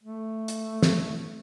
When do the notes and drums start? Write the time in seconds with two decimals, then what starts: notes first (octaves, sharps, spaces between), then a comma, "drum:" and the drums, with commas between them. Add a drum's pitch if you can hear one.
0.03 A3
0.48 drum: hi-hat
0.83 drum: snare